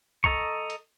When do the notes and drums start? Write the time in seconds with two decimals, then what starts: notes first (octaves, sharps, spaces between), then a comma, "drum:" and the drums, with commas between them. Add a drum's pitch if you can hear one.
0.24 A4 D#5 A#5 C#6, drum: kick
0.70 drum: hi-hat